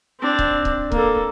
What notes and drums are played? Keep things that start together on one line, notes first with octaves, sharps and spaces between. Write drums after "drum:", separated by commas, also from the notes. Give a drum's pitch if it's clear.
C4 D4
drum: kick C#1
drum: kick C#1
A#3 A4, drum: kick C#1